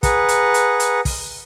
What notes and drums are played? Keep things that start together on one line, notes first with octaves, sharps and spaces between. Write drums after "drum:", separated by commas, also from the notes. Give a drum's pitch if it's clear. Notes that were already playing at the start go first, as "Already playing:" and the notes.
G#4 B4 F#5 A#5, drum: kick, hi-hat
drum: hi-hat
drum: hi-hat
drum: hi-hat
drum: kick, open hi-hat